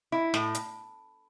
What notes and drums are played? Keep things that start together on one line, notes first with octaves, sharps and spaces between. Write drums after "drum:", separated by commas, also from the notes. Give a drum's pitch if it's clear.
E4
A2, drum: snare
drum: hi-hat